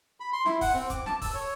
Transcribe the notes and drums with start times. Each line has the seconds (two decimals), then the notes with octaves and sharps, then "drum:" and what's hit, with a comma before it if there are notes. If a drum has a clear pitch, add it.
0.20 B5
0.33 C6
0.46 E4, drum: snare
0.61 F#5, drum: kick, open hi-hat
0.74 C4
0.90 D6, drum: kick, hi-hat
1.06 A5, drum: snare
1.22 E6, drum: kick, open hi-hat
1.35 C#5